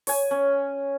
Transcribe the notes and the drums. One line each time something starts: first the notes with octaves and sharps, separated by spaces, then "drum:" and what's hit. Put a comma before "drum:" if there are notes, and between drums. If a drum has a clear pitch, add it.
C#5 G#5, drum: open hi-hat
C#4